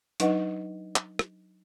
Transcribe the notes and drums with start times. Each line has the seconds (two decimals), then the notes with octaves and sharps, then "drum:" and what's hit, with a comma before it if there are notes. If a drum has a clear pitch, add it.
0.20 F#3 D4 D#4 B4 D#5 F#5, drum: hi-hat
0.96 drum: clap
1.19 drum: rim click